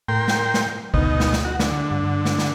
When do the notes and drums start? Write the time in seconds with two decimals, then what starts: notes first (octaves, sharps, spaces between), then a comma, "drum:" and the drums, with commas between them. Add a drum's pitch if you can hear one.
0.08 A2 A#4 G5 C6
0.28 drum: snare
0.54 drum: snare
0.94 D2 B2 D#4, drum: kick
1.20 drum: snare
1.33 drum: snare
1.45 F#4
1.60 D3, drum: snare
1.91 G2
2.25 drum: snare
2.39 drum: snare